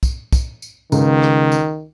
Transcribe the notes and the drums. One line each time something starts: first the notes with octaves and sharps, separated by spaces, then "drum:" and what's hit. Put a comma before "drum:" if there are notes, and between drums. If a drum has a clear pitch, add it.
drum: kick, tambourine
drum: kick, tambourine
drum: tambourine
C#2 D#3, drum: tambourine
drum: rim click
drum: tambourine